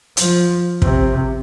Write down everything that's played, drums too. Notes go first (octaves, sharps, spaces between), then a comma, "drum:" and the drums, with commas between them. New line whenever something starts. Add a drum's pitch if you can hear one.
F3, drum: hi-hat
C3, drum: kick